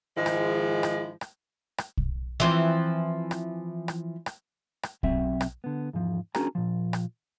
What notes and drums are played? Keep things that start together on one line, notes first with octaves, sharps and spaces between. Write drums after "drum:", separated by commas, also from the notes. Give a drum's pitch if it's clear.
G#2 D#3 F3 G#3 E4
drum: rim click
drum: rim click
drum: rim click
drum: rim click
drum: kick
E3 F3 C4
drum: rim click
drum: rim click
drum: rim click
drum: rim click
B1 F#3 C4 E5, drum: kick
drum: rim click
D3 B3
E2 G#2 F3
C#4 D4 F#4 G#4 A#4 A#5, drum: rim click
A#2 F3
drum: rim click